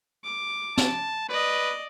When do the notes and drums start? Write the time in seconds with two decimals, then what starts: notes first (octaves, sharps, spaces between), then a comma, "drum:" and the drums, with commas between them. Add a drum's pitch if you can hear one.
0.24 D6
0.77 A5, drum: snare
1.29 B4 D5 D#5